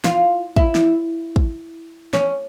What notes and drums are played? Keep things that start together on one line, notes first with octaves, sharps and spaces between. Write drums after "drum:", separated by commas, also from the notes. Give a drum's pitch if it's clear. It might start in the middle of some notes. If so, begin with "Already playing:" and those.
F4, drum: snare
E4, drum: kick
drum: snare
drum: kick
C#4, drum: snare